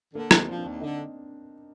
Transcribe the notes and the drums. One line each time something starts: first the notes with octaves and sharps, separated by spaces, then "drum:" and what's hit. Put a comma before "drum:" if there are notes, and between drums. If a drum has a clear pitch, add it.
D3 A#3
D#2 C4, drum: rim click
F3 D4
C4
D#2 D4
D3 D#4